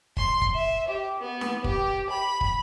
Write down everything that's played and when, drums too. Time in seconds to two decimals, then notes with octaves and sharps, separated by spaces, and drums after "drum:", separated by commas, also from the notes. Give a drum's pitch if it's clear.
0.17 C6, drum: kick
0.42 drum: kick
0.54 E5
0.88 G4
1.19 B3
1.41 drum: snare
1.64 G4, drum: kick
2.10 B5
2.41 drum: kick